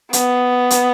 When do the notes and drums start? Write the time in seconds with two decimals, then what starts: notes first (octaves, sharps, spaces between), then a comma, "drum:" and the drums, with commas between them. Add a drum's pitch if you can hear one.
0.13 B3, drum: hi-hat
0.70 drum: hi-hat